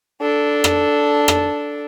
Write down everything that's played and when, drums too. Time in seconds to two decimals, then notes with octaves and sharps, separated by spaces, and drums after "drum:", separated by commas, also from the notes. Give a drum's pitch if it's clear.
0.21 D4 A4
0.64 drum: rim click
1.28 drum: rim click